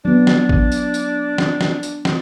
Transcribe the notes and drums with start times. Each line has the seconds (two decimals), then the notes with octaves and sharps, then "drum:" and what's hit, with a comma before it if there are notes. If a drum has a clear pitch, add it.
0.05 F#3 B3 D4
0.27 drum: snare
0.49 drum: kick
0.72 drum: tambourine
0.94 drum: tambourine
1.38 drum: snare
1.61 drum: snare
1.83 drum: tambourine
2.05 drum: snare